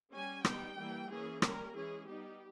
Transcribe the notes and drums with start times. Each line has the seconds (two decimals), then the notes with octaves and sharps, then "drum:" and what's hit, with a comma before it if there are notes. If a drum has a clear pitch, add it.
0.12 G3 C#4 G#5
0.45 G3 B3 D#4 G5, drum: rim click
0.77 E3 G3 A#3
1.10 E3 A#3 C#4 G#4
1.42 G3 A#3 C#4 A#4, drum: rim click
1.75 E3 G#3 C#4 G#4
2.07 G3 B3 D#4 G4